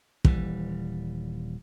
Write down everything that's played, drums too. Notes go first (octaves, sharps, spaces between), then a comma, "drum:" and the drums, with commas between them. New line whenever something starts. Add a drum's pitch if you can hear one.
D#1 E3 G3, drum: kick